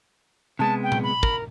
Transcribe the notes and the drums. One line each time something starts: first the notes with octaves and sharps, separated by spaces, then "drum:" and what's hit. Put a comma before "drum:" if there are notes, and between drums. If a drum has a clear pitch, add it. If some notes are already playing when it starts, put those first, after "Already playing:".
C3 G#3 B3 A5
G5
drum: tom A#2
B5
A#4, drum: kick